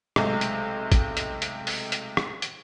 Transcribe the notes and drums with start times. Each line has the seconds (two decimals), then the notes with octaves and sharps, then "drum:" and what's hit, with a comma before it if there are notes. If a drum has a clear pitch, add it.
0.16 B1 C3 G#3 A3, drum: rim click
0.41 drum: hi-hat
0.92 drum: kick, hi-hat
1.17 drum: hi-hat
1.42 drum: hi-hat
1.67 drum: open hi-hat
1.92 drum: hi-hat
2.17 drum: rim click
2.42 drum: hi-hat